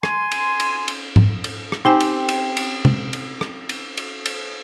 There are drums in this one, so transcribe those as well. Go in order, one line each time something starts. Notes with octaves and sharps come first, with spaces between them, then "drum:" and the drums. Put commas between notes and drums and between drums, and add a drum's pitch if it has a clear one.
G#5 C6, drum: rim click
drum: cymbal
drum: cymbal
drum: cymbal
drum: tom G#2
drum: cymbal
drum: rim click
C4 D#4 G4 C5 G#5
drum: cymbal
drum: cymbal
drum: cymbal
drum: tom C3
drum: cymbal
drum: rim click
drum: cymbal
drum: cymbal
drum: cymbal